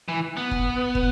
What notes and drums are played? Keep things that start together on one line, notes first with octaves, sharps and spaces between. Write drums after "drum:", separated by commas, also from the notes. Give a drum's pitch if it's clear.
E3
B3
drum: kick
drum: kick